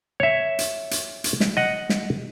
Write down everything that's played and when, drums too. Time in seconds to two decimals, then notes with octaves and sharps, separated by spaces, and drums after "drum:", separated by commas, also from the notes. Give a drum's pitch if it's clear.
0.20 C#5 E5
0.59 drum: hi-hat
0.91 drum: hi-hat
1.24 drum: hi-hat
1.40 drum: snare
1.57 D#5 F#5
1.89 drum: snare